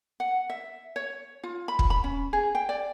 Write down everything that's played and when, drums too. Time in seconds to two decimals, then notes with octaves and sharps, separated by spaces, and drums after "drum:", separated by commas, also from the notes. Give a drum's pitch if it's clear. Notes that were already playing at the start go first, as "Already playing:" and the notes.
0.20 F#5
0.50 E5
0.96 C#5
1.43 F4
1.68 B5
1.79 drum: kick
1.90 B5
2.04 C#4
2.33 G#4
2.55 G5
2.69 D5